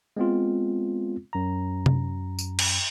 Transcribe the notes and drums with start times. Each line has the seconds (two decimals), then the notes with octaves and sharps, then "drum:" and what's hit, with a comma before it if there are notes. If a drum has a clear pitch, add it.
0.17 G#3 B3 C4 F4
1.33 F#2 A#5
1.86 drum: tom C3
2.39 drum: tambourine
2.59 drum: cymbal